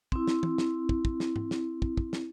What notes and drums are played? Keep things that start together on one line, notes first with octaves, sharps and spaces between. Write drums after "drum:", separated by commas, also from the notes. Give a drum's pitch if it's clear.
C4 E4, drum: kick
drum: snare
drum: tom
drum: snare
drum: kick
drum: kick
drum: snare
drum: tom G#2
drum: snare
drum: kick
drum: kick
drum: snare